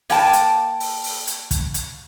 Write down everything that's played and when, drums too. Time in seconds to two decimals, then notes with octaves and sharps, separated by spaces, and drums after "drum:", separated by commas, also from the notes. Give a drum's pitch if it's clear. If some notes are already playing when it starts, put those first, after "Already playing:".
0.10 A#3 G5 A5, drum: open hi-hat
0.33 drum: hi-hat
0.80 drum: open hi-hat
1.04 drum: open hi-hat
1.27 drum: hi-hat
1.51 drum: kick, hi-hat
1.74 drum: hi-hat